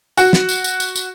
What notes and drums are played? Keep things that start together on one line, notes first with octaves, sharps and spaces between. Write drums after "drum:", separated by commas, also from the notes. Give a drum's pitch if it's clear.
F#4, drum: tambourine
drum: snare
drum: tambourine
drum: tambourine
drum: tambourine
drum: tambourine